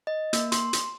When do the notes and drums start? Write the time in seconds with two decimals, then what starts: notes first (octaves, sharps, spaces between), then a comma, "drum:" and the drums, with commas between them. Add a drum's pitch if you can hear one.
0.07 D#5
0.33 A#3, drum: hi-hat
0.52 C6, drum: hi-hat
0.73 drum: hi-hat